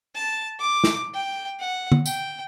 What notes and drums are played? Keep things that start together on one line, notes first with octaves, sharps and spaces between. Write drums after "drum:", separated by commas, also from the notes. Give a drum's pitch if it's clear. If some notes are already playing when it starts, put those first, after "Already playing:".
A5
D6
drum: snare
G5
F#5
drum: tom D3
G5, drum: tambourine